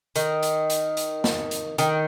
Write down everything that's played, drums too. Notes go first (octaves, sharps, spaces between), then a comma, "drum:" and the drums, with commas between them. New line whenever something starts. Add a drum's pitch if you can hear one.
D#3, drum: hi-hat
drum: hi-hat
drum: hi-hat
drum: hi-hat
drum: snare
drum: hi-hat
D#3, drum: hi-hat